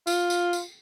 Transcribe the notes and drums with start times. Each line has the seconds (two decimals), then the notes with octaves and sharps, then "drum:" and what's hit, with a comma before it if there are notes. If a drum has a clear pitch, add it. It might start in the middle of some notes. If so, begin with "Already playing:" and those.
0.07 F4, drum: tambourine
0.30 drum: tambourine
0.53 drum: tambourine